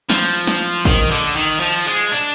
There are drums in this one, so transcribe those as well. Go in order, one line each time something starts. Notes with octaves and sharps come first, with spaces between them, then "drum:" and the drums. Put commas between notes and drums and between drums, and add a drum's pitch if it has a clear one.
F3, drum: snare
drum: snare
D#3, drum: kick A1, hi-hat
D3
drum: hi-hat
D#3
F3, drum: hi-hat
G#3
drum: hi-hat
D4